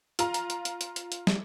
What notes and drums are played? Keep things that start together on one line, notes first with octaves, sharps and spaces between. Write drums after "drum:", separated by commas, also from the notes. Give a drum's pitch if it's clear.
F4 A#5, drum: hi-hat
drum: hi-hat
drum: hi-hat
drum: hi-hat
drum: hi-hat
drum: hi-hat
drum: hi-hat
drum: snare